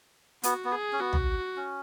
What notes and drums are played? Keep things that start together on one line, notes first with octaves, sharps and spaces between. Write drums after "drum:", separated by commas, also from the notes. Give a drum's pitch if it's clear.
B3 F#4, drum: hi-hat
B3
G#4
C#4
B3 F#4
drum: tom
C#4